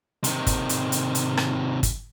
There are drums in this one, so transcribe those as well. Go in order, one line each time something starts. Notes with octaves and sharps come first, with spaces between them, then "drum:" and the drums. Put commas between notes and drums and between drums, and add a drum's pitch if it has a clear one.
C3 D#3, drum: hi-hat
drum: kick, hi-hat
drum: hi-hat
drum: hi-hat
drum: hi-hat
drum: rim click
drum: kick, hi-hat